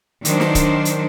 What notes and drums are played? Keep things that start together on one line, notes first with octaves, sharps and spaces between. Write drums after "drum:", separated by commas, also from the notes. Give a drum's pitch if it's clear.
D#3 F#3 D4 C5, drum: hi-hat
drum: snare
drum: kick, hi-hat
drum: hi-hat